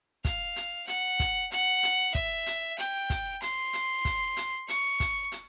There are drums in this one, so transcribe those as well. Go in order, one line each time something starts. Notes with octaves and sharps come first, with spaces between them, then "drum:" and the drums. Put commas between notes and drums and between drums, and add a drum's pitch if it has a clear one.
F5, drum: kick, hi-hat
drum: hi-hat
F#5, drum: hi-hat
drum: kick, hi-hat
F#5, drum: hi-hat
drum: hi-hat
E5, drum: kick
drum: hi-hat
G5, drum: hi-hat
drum: kick, hi-hat
C6, drum: hi-hat
drum: hi-hat
drum: kick, hi-hat
drum: hi-hat
C#6, drum: hi-hat
drum: kick, hi-hat
drum: hi-hat